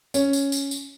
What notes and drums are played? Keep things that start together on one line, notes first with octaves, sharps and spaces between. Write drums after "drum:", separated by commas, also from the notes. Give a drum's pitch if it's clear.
C#4, drum: tambourine
drum: tambourine
drum: tambourine
drum: tambourine